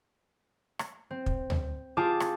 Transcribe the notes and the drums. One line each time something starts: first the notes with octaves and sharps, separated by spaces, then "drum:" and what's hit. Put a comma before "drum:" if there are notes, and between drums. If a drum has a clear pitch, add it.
drum: rim click
C4
drum: kick
drum: tom D2
F4 G4 G#4 A5 D6
drum: rim click